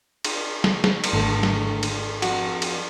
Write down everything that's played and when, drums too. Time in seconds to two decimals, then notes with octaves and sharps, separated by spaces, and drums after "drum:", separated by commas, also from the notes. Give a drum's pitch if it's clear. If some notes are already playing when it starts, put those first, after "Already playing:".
0.25 drum: cymbal
0.64 drum: snare
0.84 drum: snare
1.04 drum: cymbal
1.13 G#1 A2 D3 A3 A4
1.43 drum: snare
1.83 drum: cymbal
2.22 F2 F#4, drum: cymbal
2.62 drum: cymbal